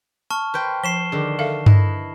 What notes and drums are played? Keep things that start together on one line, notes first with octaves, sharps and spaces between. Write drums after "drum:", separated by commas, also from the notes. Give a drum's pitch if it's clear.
A5 C#6 F6
B4 C5 G5
F3 C7 E7 G7
D3 D#3 G#4
A4 E5 F5
E4 B4 D#5, drum: tom G2